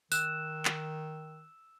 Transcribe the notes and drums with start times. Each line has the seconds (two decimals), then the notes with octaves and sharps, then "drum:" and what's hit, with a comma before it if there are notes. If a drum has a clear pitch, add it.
0.12 D#3 E6 F#6 E7, drum: tambourine
0.65 drum: clap